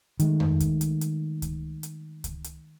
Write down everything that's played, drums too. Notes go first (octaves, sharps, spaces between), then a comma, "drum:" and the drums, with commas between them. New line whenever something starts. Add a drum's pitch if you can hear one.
D#3 G#3 A3, drum: hi-hat
drum: tom F2
drum: kick C#2, hi-hat
drum: hi-hat
drum: hi-hat
drum: kick C#2, hi-hat
drum: hi-hat
drum: kick C#2, hi-hat
drum: hi-hat